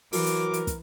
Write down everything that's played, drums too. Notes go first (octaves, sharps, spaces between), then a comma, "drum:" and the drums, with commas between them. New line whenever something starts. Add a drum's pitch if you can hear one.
E3 F#3 A#4 D6, drum: open hi-hat
drum: hi-hat
drum: hi-hat
drum: kick, hi-hat